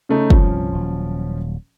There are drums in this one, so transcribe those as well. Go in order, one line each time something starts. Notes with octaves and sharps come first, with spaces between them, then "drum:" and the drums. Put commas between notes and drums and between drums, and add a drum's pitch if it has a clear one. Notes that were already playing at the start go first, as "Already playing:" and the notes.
C#3 A3 D#4
C2 G2 A#2 F3 C#4, drum: kick
D#1 F#3